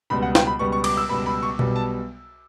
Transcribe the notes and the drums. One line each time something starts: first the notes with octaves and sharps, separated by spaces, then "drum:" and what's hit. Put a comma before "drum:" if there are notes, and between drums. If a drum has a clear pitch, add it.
C#2 B2 G3 B3 B5
F#5
G5, drum: snare
B5
C#2 B2 G3 B3 C#6
C#6
D6, drum: cymbal
E6
C#2 B2 G3 B3 B5
B5
C#6
B1 B2 G3 B3, drum: tom B2
A5